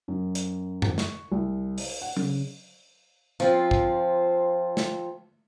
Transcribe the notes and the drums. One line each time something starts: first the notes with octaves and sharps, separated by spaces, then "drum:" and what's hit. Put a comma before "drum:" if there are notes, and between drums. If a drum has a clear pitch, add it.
F#2
drum: hi-hat
drum: tom F#2
C#6, drum: snare
C2
drum: open hi-hat
F#5
C#3, drum: tom F#3
F3 C4 F4, drum: hi-hat
drum: kick
drum: snare